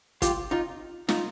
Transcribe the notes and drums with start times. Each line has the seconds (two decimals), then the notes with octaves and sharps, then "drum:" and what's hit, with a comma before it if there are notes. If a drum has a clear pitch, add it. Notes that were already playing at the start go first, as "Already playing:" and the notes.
0.22 F4 G4, drum: kick, hi-hat
0.51 D#4 F4
1.09 D#4 F4, drum: snare